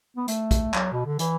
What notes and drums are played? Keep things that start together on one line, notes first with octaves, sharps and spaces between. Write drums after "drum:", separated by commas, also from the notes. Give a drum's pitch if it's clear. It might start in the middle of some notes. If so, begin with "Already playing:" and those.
B3
A3, drum: hi-hat
drum: kick, hi-hat
F#3, drum: clap
B2
D3
E3, drum: hi-hat